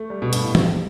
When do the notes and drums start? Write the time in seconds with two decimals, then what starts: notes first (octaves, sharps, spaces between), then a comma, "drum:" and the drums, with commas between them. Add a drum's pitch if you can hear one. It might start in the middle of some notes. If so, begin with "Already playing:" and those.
Already playing: A3
0.10 G3
0.22 B2
0.33 G2, drum: hi-hat
0.44 A2
0.55 drum: tom E3